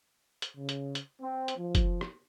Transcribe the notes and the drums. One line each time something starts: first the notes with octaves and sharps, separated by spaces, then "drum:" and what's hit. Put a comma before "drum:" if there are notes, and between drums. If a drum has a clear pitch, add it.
drum: hi-hat
C#3
drum: hi-hat
drum: hi-hat
C4
drum: hi-hat
F3
drum: kick, hi-hat
drum: rim click